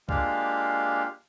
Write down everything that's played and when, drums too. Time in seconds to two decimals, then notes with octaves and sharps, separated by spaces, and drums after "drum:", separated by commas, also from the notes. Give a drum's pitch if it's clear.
0.09 G#3 A#3 D4 F4 G4 F5, drum: kick